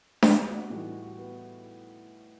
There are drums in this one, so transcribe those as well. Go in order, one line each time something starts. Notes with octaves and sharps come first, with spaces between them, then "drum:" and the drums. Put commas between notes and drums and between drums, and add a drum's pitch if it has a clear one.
F#4, drum: snare D4
G4
F#4
A2 E3 G3 D#4 F#4
F#4
B3